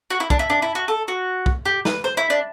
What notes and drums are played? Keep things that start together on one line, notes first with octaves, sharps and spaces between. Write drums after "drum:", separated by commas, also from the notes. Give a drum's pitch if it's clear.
F#4
E4
D4, drum: kick
E4
D4
E4
F#4
A4
F#4
drum: kick
G4
B4, drum: snare
C5
E4
D4